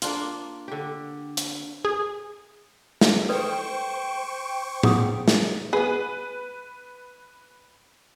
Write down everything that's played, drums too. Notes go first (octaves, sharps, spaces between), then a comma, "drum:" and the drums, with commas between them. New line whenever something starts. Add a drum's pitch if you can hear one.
A#3 D4 F4, drum: hi-hat
D3 G4
drum: hi-hat
G#4
drum: snare
A4 B4 C5 D5 G5 C#6
G#4 F#5 D#6, drum: tom A2
drum: snare
B3 G#4 B4